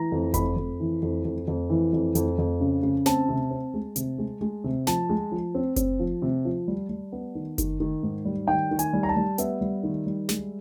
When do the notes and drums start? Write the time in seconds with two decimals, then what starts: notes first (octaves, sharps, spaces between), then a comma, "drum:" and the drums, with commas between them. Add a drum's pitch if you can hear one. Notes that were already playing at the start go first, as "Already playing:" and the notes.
Already playing: E3 A#5
0.12 F2
0.34 F2 B5, drum: kick F#1, hi-hat
0.56 F2
0.80 E3
1.02 F2
1.25 F2
1.48 F2
1.70 E3
1.93 F2
2.15 F2, drum: hi-hat
2.38 F2
2.60 C#3
2.83 C#3
3.06 C4 A5, drum: snare
3.29 C3
3.50 C4
3.74 G#3
3.96 C3, drum: hi-hat
4.18 G#3
4.41 G#3
4.64 C3
4.87 F3 A5, drum: snare
5.09 G#3
5.31 F3
5.55 C4
5.76 C4, drum: kick F#1, hi-hat
5.99 F3
6.22 C3
6.45 F3
6.68 G3
6.89 G3
7.12 B3
7.35 D#3
7.58 D#3, drum: kick F#1, hi-hat
7.80 D#3
8.03 G#2
8.25 G3
8.48 D#3 G5
8.71 D#3
8.79 G#5, drum: hi-hat
8.93 G3
9.03 A#5
9.09 A5
9.16 G3
9.38 B3 E5, drum: hi-hat
9.61 G3
9.84 D#3
10.06 G3
10.29 G#3, drum: snare